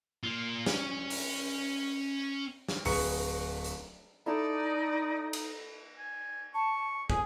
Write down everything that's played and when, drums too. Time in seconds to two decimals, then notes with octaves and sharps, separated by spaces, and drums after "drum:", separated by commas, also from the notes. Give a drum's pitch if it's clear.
0.23 A#3 F4
0.66 C#4 C#5, drum: snare
1.10 drum: open hi-hat
2.68 drum: snare
2.85 D1 G#4 B4 A#5 C#6 C#7, drum: open hi-hat
3.64 drum: hi-hat
4.26 D#4 E4 A4 D5 A#5
5.33 drum: cymbal
5.98 G#5
6.54 A5 C#6
7.10 G#4 G#5, drum: kick